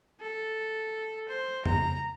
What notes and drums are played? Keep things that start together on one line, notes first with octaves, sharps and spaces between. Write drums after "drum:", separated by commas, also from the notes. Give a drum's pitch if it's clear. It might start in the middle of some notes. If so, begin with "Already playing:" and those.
A4
C5
A#5, drum: tom F2